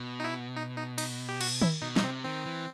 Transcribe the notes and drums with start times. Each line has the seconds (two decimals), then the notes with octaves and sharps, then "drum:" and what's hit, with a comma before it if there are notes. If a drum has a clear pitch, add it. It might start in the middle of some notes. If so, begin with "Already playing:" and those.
Already playing: B2
0.20 D#4
0.24 E4
0.57 D#4
0.77 D#4
0.98 D#4, drum: cymbal
1.29 G4
1.41 F#4, drum: cymbal
1.62 E4, drum: tom D#3
1.82 B2 D#4
1.96 D#4, drum: snare
2.04 C3 C4
2.25 D#3 C4
2.46 E3